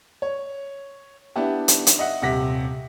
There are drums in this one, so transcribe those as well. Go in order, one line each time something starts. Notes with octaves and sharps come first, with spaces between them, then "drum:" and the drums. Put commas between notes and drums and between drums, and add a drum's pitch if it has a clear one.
C#5
B3 D4 E4 G4
drum: hi-hat
drum: hi-hat
D#5 E5 F#5
D#1 C3 F#5 A#6 B6